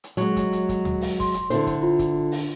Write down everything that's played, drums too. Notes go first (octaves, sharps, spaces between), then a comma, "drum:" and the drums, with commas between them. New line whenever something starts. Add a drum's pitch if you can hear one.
drum: hi-hat
F#3 G#3, drum: hi-hat
drum: kick, hi-hat
drum: hi-hat
drum: kick, hi-hat
drum: tom D2
drum: open hi-hat
C6, drum: kick, hi-hat
drum: hi-hat
D3 E4 C5, drum: hi-hat
drum: kick, hi-hat
F4
drum: kick, hi-hat
drum: open hi-hat